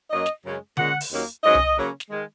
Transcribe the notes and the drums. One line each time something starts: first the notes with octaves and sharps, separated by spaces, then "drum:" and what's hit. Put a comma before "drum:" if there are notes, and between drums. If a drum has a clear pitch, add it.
F#2 F#3 A#3 C#4 D#5
drum: snare
F#2 C#3 G#3 C#4
A#2 G#3 C#4 F#5, drum: tom D3
drum: open hi-hat
D#2 D#3 F#3 A#3 C#4
G#2 F#3 C#4 D#5
drum: tom C2
C#3 F#3 A#3 C#4
drum: snare
D#3 G#3